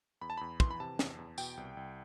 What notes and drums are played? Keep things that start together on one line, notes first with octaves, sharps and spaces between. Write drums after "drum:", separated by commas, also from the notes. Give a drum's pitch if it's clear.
E2 B5
A5
E2 B5
E3 C6, drum: kick
B5
C3 A5
E2, drum: snare
E2
B2 G5, drum: tambourine
C2
C2